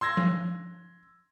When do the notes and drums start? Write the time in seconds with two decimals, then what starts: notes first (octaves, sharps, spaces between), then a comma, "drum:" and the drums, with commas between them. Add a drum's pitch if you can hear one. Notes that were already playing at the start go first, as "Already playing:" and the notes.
0.01 C6 E6 G#6 A#6
0.17 drum: tom F3